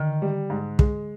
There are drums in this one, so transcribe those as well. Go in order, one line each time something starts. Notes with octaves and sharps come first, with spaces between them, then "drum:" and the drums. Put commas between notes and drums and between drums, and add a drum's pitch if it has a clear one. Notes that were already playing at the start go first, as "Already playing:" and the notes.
Already playing: D3 D#3
G3
G#2
G#3, drum: kick